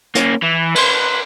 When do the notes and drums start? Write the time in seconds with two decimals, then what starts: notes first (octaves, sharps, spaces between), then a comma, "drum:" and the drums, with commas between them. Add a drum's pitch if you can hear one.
0.15 A#3 C#4, drum: hi-hat
0.43 E3
0.75 B4 C6, drum: cymbal